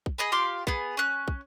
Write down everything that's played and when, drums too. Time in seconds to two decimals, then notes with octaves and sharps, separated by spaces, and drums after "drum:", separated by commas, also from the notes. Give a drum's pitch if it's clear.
0.06 drum: kick
0.18 G#4 D#5 B5
0.32 F4 G4 C6 D6
0.67 B3 G#4, drum: kick
0.97 C#4 F#6
1.28 drum: kick